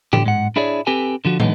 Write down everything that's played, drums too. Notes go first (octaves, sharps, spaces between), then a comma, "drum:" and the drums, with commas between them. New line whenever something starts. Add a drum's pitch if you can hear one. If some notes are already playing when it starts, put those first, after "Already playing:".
D3 G4, drum: tom A2
G#2 F#5
D4 E4 G#4 C#5 D5
C4 G4 A4 B4 G#5
D3 F3 F#4
D3 E3 G#3 B3 D#4, drum: tom